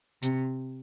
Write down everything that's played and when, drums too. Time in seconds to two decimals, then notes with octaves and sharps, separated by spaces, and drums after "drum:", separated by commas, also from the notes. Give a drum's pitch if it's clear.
0.22 C3, drum: hi-hat